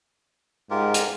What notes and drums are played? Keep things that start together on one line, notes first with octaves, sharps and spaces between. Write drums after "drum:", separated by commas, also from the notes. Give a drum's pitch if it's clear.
G#2 F4 G4 A#4
drum: hi-hat